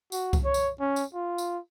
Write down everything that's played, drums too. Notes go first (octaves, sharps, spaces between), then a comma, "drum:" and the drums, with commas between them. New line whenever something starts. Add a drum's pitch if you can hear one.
F#4, drum: tambourine
drum: kick C2, tambourine
C#5
drum: tambourine
C#4
drum: tambourine
F4
drum: tambourine